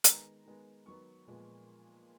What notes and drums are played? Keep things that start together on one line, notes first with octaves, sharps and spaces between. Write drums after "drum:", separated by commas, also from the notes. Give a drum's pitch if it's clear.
D#3 G#3 B3 A#5, drum: hi-hat
D#3 G#3 B3
D#3 F#3 B3 C#6
A#2 F3 G#3 B3